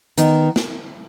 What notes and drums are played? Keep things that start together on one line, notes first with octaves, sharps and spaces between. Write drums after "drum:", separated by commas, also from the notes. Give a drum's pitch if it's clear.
D#3 B3 D#4, drum: hi-hat
drum: snare